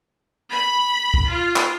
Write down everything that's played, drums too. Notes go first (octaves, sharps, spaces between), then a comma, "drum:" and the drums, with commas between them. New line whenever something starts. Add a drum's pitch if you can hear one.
B5
drum: kick
F4
drum: clap